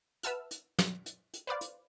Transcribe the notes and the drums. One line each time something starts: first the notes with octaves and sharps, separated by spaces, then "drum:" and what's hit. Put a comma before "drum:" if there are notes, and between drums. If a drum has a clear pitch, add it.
B4 E5 F#5 A5 E6 F6, drum: hi-hat
drum: hi-hat
drum: snare
drum: hi-hat
drum: hi-hat
B4 C5 D5 F5
drum: hi-hat